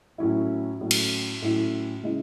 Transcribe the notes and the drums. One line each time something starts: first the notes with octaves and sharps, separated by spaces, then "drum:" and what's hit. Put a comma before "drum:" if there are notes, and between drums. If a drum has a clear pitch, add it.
A2 F#3 C#4 E4
A2 F#3 C#4 E4
drum: cymbal
A2 F#3 C#4 E4
C#3 G#3 C#4 E4